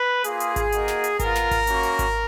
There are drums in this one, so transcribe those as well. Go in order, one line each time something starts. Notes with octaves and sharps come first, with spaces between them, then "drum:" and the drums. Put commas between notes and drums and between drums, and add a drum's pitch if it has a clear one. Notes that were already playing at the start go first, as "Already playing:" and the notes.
Already playing: B4
A#3 F4 G#4, drum: hi-hat
drum: hi-hat
drum: kick G#1, hi-hat
A#3 D#4 F#4, drum: hi-hat
drum: snare
drum: hi-hat
B3 F4 A#4, drum: kick G#1, hi-hat
drum: snare
drum: kick G#1, open hi-hat
A#3 C#4 F#4, drum: hi-hat
drum: open hi-hat
drum: kick G#1, hi-hat